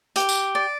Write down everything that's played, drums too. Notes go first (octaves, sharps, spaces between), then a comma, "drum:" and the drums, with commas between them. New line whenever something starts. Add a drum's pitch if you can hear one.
G4, drum: hi-hat
drum: tambourine
D5